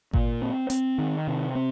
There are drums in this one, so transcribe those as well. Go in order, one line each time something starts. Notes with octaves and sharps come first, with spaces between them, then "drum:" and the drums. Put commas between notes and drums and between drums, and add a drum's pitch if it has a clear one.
A#2, drum: kick G#1
C4
C4, drum: hi-hat
D#3
C3
C4